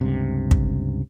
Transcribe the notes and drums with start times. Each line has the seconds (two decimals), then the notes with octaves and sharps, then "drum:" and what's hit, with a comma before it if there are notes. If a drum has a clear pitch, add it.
0.01 C#2 G2 C3
0.51 drum: kick